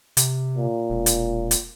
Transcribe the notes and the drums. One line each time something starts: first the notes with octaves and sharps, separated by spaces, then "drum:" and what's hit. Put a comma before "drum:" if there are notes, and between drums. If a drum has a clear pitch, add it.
C3, drum: hi-hat
A#2
E1
drum: hi-hat
drum: hi-hat